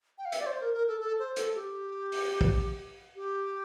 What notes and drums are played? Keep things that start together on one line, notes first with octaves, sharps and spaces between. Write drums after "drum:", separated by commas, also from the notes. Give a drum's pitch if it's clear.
G5
F5
E5, drum: hi-hat
D5
C5
A#4
A#4
A4
A4
C5
A4, drum: hi-hat
G4
drum: open hi-hat
drum: kick
G4